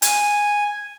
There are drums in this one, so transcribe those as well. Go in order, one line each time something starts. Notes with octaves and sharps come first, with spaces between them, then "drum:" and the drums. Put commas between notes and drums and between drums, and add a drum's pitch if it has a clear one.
G#5, drum: hi-hat